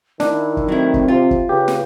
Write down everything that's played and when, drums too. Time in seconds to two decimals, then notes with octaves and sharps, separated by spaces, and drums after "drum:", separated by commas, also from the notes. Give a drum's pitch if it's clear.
0.20 D#3 D4 E4, drum: snare
0.57 drum: kick
0.68 F#3 A3 C4 E4
0.94 drum: kick
1.08 C3 F4
1.31 drum: kick
1.49 C#3 G4 B4
1.68 drum: snare